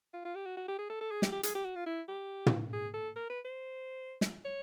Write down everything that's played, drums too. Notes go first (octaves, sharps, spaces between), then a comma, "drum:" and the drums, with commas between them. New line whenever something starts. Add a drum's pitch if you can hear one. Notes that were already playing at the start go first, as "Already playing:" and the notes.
F4
F4
G4
F#4
F#4
G4
G#4
A4
A4
G#4
G4, drum: snare
G4
G#4, drum: hi-hat
G4
F#4
F4
E4
G4
drum: tom
G#4
A4
A#4
B4
C5
drum: snare
C#5